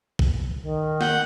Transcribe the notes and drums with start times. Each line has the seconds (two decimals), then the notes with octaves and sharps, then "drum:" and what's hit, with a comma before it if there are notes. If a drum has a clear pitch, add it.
0.19 drum: kick A#1
0.61 D#3
1.01 F#5 G6, drum: snare